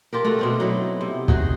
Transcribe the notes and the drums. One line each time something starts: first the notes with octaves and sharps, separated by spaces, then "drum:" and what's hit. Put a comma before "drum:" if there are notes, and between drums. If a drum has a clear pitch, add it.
D4 F4 G4 A#4
A3 F#4
B2 C4 D4
F#3 D#4 E4
C3
D#4 F#4 G#4, drum: kick